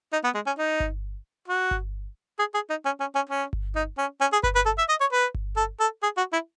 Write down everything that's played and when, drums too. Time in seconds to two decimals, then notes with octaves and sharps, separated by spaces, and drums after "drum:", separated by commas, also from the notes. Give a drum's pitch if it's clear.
0.13 D#4
0.24 B3
0.35 G#3
0.46 C#4
0.58 D#4
0.80 drum: kick G1
1.48 F#4
1.71 drum: kick G1
2.39 G#4
2.54 G#4
2.70 D#4
2.85 C#4
3.00 C#4
3.15 C#4
3.30 C#4
3.53 drum: kick G1
3.76 D#4
3.98 C#4
4.21 C#4
4.33 G#4
4.43 B4, drum: kick G1
4.55 B4
4.66 A4
4.78 E5
4.89 D#5
5.01 C#5
5.12 B4
5.34 drum: kick G1
5.57 A4
5.80 A4
6.03 G#4
6.17 F#4
6.33 E4